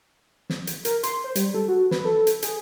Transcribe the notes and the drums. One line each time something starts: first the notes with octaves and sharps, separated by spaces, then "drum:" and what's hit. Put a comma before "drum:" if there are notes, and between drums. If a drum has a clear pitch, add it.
drum: snare
drum: hi-hat
A#4, drum: hi-hat
C6, drum: hi-hat
C5
G3, drum: hi-hat
A4
F#4
B4, drum: snare
A4
drum: hi-hat
G#4, drum: hi-hat